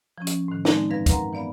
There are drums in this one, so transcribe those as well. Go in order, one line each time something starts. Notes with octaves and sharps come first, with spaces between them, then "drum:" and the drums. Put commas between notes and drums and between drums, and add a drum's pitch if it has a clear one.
F3 C#4
drum: hi-hat
A2 D#3
G#3 C4 D#4 D5 G#5 A5, drum: snare
G2 E3 B4 F5 G#6 A#6
A#4 B4 F5 F#5 A#5 C6, drum: kick, hi-hat
E3 B3 D5 F5 B5